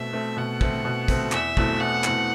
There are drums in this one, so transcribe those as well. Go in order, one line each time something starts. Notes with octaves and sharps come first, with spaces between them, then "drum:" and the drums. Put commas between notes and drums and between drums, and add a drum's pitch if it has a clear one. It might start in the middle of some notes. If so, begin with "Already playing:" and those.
Already playing: B2 A3 C4 E5
A3 C4
B2 F#5
A3 C4, drum: kick
B2
A3 C4, drum: kick, hi-hat
E2 E5, drum: clap
B2 A3 C4 E4, drum: kick
E2 F#5
B2 A3 C4 E4, drum: clap